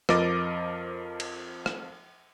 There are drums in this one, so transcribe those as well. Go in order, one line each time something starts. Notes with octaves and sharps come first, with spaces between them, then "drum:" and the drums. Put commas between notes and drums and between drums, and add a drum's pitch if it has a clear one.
F2 F3 A#4 D#5 D6 A6, drum: rim click
drum: cymbal
drum: rim click